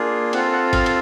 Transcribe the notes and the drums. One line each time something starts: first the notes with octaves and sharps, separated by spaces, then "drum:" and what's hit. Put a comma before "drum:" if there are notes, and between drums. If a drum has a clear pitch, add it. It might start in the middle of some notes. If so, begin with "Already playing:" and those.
Already playing: A#3 D4 F4 G#4
C4 F4 A4 F#5, drum: cymbal
F#5
F5, drum: kick, cymbal
drum: cymbal